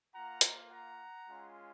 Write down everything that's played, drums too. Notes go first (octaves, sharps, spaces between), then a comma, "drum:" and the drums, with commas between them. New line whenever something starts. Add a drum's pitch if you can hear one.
A#3 F4 F#5 A#5
drum: hi-hat
F#5 A#5
G#3 C#4 F4